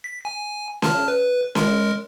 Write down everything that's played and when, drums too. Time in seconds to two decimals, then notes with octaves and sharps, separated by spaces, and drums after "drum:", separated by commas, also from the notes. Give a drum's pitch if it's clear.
0.04 B6
0.25 G#5
0.82 A5 F6, drum: snare C#4
1.08 B4
1.55 G#3 A#4, drum: snare C#4